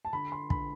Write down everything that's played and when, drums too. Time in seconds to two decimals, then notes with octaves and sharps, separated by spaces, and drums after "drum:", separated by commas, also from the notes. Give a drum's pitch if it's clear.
0.05 A5
0.13 D3 B5
0.32 C6
0.50 D3 B5, drum: kick